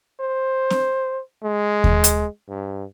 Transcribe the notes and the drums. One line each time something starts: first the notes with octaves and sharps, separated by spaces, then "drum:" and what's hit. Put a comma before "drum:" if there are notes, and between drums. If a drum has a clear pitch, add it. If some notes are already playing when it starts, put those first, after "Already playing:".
C5
drum: snare C4
G#3
drum: kick D#2
drum: hi-hat
G2